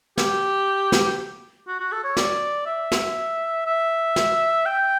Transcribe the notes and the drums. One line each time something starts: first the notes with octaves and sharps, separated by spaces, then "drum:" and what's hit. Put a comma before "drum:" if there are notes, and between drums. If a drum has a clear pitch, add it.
G4, drum: snare
drum: snare
F#4
F#4
A4
C#5
D5, drum: snare
E5
drum: snare
E5
drum: snare
G5